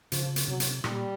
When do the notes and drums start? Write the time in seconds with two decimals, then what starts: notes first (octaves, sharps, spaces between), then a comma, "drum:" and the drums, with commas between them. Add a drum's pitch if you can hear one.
0.12 C#3 F3, drum: hi-hat
0.36 drum: hi-hat
0.48 C3 F#3
0.60 drum: hi-hat
0.84 A#2 G3, drum: rim click